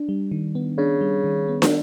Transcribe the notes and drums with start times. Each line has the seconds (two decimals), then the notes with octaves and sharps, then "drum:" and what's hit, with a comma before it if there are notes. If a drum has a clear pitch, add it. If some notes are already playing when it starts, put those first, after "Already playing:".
Already playing: D4
0.09 G3
0.31 D#3
0.55 B3
0.78 C#3 D4
1.01 G3
1.24 D#3
1.48 B3
1.62 drum: snare